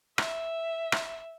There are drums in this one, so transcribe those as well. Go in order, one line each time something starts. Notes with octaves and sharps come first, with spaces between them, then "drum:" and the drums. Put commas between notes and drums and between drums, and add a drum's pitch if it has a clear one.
E5, drum: rim click
drum: rim click